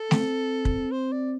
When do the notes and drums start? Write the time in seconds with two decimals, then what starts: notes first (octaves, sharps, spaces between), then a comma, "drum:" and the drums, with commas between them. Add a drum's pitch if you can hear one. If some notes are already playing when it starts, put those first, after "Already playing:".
Already playing: A4
0.11 C4, drum: snare A3
0.65 drum: kick
0.92 C5
1.12 D5